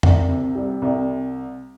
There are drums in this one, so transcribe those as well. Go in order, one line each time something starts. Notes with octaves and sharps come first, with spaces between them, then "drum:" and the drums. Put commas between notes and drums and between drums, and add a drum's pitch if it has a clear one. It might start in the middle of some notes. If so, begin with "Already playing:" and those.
C2, drum: tom F2
C3
G3
C2